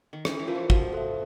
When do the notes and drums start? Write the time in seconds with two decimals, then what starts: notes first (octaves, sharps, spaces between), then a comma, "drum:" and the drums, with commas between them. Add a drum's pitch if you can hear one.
0.13 D#3
0.25 E3 C#4, drum: rim click
0.39 E3
0.48 F3 F4 A#4
0.55 E3
0.70 F3 F#4, drum: kick
0.93 A4 C5 E5